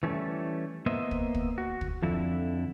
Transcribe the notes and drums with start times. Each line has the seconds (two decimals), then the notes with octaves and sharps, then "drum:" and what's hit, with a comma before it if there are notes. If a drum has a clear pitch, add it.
0.03 E3 G3 A3 C#4
0.86 A#3 B3 C5 D#5 E5
1.11 drum: kick
1.34 drum: kick
1.58 F#4
1.81 drum: kick
2.02 F2 D3 F3 E4